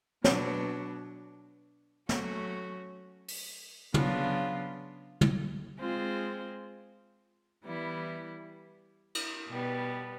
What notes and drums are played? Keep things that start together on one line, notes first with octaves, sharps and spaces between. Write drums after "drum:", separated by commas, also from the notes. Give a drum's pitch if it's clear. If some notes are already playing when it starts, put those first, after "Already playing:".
B2 F#3 B3 D4, drum: snare
F#3 A3 C#4 F#4, drum: snare
drum: open hi-hat
C#3 F#3 B3 D4 F4, drum: tom
drum: tom
G#3 C4 F4 G#4 C5
E3 G3 B3 E4
drum: cymbal
B2 G3 B3